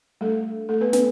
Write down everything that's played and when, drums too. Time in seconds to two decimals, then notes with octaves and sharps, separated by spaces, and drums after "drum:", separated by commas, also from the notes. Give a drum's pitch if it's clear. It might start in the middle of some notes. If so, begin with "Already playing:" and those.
0.21 G3 A3 D4 A4
0.69 A3 A4
0.81 B3 B4
0.93 B3 B4, drum: snare